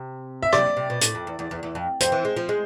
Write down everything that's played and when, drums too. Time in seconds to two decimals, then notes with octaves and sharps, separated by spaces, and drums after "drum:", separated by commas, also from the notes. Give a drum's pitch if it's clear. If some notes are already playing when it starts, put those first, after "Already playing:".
Already playing: C3
0.43 E5
0.53 C3 D5, drum: rim click
0.77 C3
0.90 B2
1.01 A2, drum: hi-hat
1.15 F2
1.27 E2
1.39 E2
1.51 E2
1.63 E2
1.75 F2
2.00 F2 C5, drum: hi-hat
2.12 E3
2.25 G#3
2.37 F3
2.49 G#3